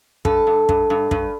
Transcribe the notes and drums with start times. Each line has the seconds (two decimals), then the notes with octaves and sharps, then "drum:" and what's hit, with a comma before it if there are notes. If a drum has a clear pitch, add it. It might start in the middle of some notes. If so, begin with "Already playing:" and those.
0.25 G2 A4, drum: kick
0.47 G2
0.69 G2, drum: kick
0.90 G2
1.11 G2, drum: kick